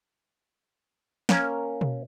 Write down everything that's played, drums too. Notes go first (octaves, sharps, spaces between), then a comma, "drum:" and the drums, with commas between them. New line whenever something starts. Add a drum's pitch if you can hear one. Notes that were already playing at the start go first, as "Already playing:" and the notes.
A#3 C#4 A#4, drum: snare
drum: tom B2